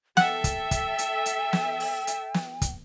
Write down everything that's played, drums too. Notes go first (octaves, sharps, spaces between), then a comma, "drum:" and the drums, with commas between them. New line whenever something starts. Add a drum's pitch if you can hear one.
A4 E5 F#5 G5, drum: snare
drum: kick, hi-hat
drum: kick, hi-hat
drum: hi-hat
drum: hi-hat
drum: snare
drum: open hi-hat
drum: hi-hat
drum: snare
drum: kick, hi-hat